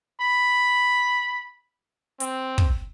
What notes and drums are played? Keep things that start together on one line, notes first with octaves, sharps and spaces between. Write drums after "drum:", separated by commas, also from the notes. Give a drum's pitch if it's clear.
B5
C4, drum: hi-hat
drum: kick